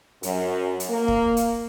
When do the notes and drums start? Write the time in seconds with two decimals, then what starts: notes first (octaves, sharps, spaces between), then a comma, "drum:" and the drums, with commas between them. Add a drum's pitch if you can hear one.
0.23 F#2, drum: hi-hat
0.80 drum: hi-hat
0.90 A#3
1.08 drum: kick
1.37 drum: hi-hat